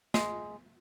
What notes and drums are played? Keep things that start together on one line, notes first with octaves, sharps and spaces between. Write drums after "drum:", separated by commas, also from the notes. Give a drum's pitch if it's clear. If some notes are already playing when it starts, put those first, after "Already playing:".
G#3, drum: snare